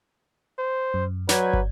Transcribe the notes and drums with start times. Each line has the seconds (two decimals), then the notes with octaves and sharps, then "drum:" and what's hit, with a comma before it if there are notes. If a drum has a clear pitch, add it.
0.59 C5
0.94 F#2
1.29 F#3 B4 D5 G6 G#6, drum: snare
1.53 drum: kick